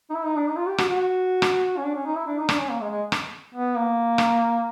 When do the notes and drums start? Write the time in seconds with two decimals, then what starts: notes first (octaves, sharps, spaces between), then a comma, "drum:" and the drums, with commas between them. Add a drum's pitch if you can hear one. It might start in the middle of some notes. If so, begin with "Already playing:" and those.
0.10 D#4
0.15 E4
0.25 D#4
0.36 D4
0.47 D#4
0.57 F4
0.68 G4
0.78 F#4, drum: rim click
0.89 F#4
1.42 drum: rim click
1.77 C#4
1.84 D4
1.95 C#4
2.05 D#4
2.16 E4
2.27 D4
2.38 D#4
2.49 D4, drum: rim click
2.59 C#4
2.69 A#3
2.80 G#3
2.91 G#3
3.12 drum: rim click
3.55 B3
3.76 A#3
4.18 drum: rim click